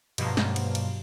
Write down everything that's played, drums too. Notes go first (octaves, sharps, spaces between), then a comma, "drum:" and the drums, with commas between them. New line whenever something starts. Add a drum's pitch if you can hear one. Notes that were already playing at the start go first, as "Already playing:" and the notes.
G2 B2 F3 F#3 A#3, drum: cymbal
drum: snare
drum: cymbal
drum: cymbal